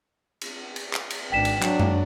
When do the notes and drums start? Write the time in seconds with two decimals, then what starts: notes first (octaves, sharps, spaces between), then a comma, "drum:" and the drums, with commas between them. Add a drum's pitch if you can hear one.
0.41 drum: cymbal
0.76 drum: cymbal
0.93 drum: clap
1.10 drum: cymbal
1.32 G#1 D4 G5 B6 E7
1.45 drum: cymbal
1.62 F#3 D4, drum: clap
1.79 drum: tom F#2